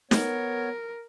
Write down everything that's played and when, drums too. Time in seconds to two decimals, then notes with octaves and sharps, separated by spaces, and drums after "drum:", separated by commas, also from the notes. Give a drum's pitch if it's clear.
0.11 B3 A#4 C#5, drum: snare